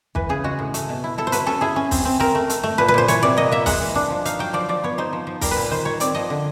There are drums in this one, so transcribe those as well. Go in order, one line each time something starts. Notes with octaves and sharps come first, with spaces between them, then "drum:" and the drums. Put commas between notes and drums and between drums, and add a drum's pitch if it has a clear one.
E3 B4, drum: kick
C#3 G#4
G#3 F#4
A2
A3, drum: hi-hat
B2
E4
E4 A4
C5
F#3 B4, drum: hi-hat
C#4 A4
E4 G#4
C#4
C4, drum: kick, open hi-hat
C4
C4 A#4
A3
A3, drum: hi-hat
A3
A#2 B4
B4
A#2 C5
E3 C#5, drum: hi-hat
C3 D5
A#3 D#5
A#3 E5
G#3 F#5, drum: kick, open hi-hat
E3
D4
F3
D#4 F5, drum: hi-hat
F#3 G5
F3 D5
F3 D5
B3 C#5
D#4 C5
F3
F3
G3 A#4, drum: kick, open hi-hat
B4
A#2
D#3 C5
D#3 C#5
C4 D5, drum: hi-hat
F3 D#5
D3